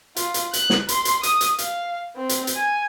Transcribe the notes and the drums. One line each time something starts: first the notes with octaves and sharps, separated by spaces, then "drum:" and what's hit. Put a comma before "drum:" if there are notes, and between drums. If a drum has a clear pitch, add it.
F4, drum: hi-hat
drum: hi-hat
F#6, drum: hi-hat
drum: snare
C6, drum: hi-hat
drum: hi-hat
D#6, drum: hi-hat
drum: hi-hat
F5, drum: hi-hat
C4
drum: hi-hat
drum: hi-hat
G#5